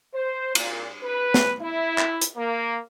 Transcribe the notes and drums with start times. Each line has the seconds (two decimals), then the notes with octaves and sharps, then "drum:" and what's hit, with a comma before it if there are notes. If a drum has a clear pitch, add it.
0.15 C5
0.55 A#2, drum: cymbal
1.03 B4
1.34 drum: snare
1.61 E4
1.98 drum: clap
2.21 drum: hi-hat
2.36 A#3